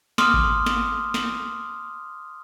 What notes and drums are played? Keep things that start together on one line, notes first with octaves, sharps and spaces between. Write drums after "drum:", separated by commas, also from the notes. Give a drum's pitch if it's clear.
C6 D6 D#6 F6, drum: snare
drum: kick A1
drum: snare
drum: snare